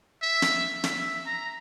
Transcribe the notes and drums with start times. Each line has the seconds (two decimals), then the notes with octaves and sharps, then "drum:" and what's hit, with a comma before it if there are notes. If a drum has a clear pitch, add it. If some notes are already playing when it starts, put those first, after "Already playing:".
0.22 E5
0.42 drum: snare
0.84 E5, drum: snare
1.26 A#5